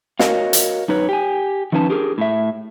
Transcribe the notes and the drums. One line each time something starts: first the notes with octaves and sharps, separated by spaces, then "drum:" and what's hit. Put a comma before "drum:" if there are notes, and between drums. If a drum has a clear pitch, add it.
F#4 A#4 C#5 D#5 F5, drum: snare
drum: hi-hat
F#2 D#4 B4 C#5
G4 G#5
D#3 F3 C#4 D#4 B4 A5
D4 G4 G#4 A#4
A2 E5